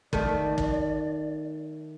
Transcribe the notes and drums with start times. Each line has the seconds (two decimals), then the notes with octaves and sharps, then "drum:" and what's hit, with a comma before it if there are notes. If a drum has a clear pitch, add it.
0.13 D#3 A3 D5, drum: kick
0.58 drum: kick